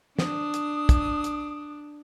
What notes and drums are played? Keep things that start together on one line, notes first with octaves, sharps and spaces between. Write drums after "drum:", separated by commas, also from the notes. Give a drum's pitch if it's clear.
D4 D#6, drum: snare
drum: hi-hat
drum: kick, hi-hat
drum: hi-hat